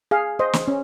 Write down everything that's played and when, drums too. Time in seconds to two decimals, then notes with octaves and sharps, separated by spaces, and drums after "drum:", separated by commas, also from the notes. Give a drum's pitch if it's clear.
0.11 G#4 F5
0.39 C5 D#5
0.53 drum: snare
0.68 C#4